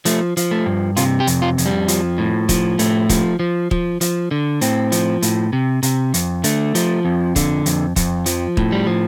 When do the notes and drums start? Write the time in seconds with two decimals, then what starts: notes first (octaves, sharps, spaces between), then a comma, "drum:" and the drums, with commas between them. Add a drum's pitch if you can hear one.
0.05 F3 A3, drum: hi-hat
0.37 F3, drum: hi-hat
0.51 A3
0.66 G2
0.97 C3 F4, drum: hi-hat
1.20 G4
1.27 F2, drum: hi-hat
1.42 F4
1.58 F2, drum: hi-hat
1.66 G3
1.88 F3, drum: hi-hat
2.18 A2
2.49 F3, drum: kick, hi-hat
2.79 A2 A3, drum: hi-hat
3.09 F3, drum: kick, hi-hat
3.40 F3
3.71 F3, drum: kick
4.01 F3, drum: hi-hat
4.31 D3
4.61 A2 C4, drum: hi-hat
4.92 F3, drum: hi-hat
5.22 A2, drum: hi-hat
5.53 C3
5.83 C3, drum: hi-hat
6.14 F2, drum: hi-hat
6.44 D3 A3, drum: hi-hat
6.75 F3, drum: hi-hat
7.05 F2
7.36 D3, drum: kick, hi-hat
7.66 F2, drum: hi-hat
7.96 F2, drum: kick, hi-hat
8.26 F3, drum: hi-hat
8.57 A2, drum: kick
8.72 G3
8.87 F3